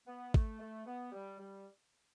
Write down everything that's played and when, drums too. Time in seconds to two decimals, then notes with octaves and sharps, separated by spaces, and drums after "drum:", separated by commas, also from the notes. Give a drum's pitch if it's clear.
0.07 B3
0.34 A3, drum: kick
0.60 A3
0.86 B3
1.12 G3
1.39 G3